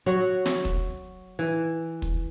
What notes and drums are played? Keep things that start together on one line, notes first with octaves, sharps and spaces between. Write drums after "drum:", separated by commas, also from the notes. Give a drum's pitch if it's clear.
F#3 F#4 C#5
drum: snare
drum: kick
E3
drum: kick